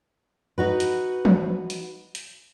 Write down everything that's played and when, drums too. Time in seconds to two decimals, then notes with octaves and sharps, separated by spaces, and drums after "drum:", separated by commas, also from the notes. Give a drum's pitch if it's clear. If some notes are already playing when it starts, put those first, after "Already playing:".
0.58 D#4 F#4 B4
0.80 drum: hi-hat
1.25 drum: tom E3
1.70 drum: hi-hat
2.15 drum: hi-hat